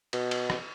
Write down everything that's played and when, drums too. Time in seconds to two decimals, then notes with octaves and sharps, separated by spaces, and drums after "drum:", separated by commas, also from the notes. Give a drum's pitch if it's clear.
0.13 B2, drum: cymbal
0.31 drum: cymbal
0.50 drum: rim click